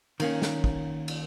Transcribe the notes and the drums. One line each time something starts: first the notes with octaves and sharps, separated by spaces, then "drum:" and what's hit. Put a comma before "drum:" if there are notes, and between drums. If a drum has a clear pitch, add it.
D#3 A#3 C#4, drum: cymbal
drum: snare
drum: kick
drum: cymbal